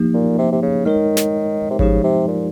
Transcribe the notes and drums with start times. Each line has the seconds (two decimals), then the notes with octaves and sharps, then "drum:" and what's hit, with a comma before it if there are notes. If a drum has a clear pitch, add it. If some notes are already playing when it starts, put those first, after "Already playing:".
Already playing: F3 A#3 D#4 G4
0.14 A#2
0.38 C3
0.52 C3
0.62 C#3
0.85 D#3 G#3 D#4 A#4 C#5
1.17 drum: snare
1.70 C3
1.79 C#3 F3 G#3 D#4 G4 C5, drum: kick G#1
2.04 C3
2.27 A#2